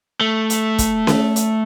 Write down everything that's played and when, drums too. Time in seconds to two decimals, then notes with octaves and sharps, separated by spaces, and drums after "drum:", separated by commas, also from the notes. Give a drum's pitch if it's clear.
0.21 A3
0.50 drum: hi-hat
0.78 drum: kick, hi-hat
1.07 drum: snare C#4
1.36 drum: hi-hat